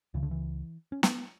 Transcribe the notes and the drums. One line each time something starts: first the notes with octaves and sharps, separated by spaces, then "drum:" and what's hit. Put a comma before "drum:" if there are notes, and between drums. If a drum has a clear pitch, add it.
C#2 C#3 E3
D3
E3
C#4
B3, drum: snare